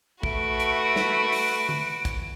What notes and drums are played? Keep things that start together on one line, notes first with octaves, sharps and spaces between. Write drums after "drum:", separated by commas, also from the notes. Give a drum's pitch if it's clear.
A3 F#4 B4 D7, drum: kick
drum: hi-hat
drum: snare
drum: open hi-hat
drum: tom D3
drum: kick, hi-hat